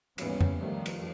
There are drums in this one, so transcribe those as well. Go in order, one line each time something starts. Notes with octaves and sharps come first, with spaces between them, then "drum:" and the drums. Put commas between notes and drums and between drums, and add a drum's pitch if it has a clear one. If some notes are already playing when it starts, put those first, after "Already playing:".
D#2 G#2 E3 G3 B3 C#4, drum: cymbal
drum: tom F2
F2 D#3 F3 G3 A3
drum: cymbal